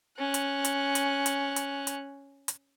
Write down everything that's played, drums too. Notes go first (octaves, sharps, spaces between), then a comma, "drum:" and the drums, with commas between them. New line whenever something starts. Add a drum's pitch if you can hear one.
C#4 F#6
drum: hi-hat
drum: hi-hat
drum: hi-hat
drum: hi-hat
drum: hi-hat
drum: hi-hat
drum: hi-hat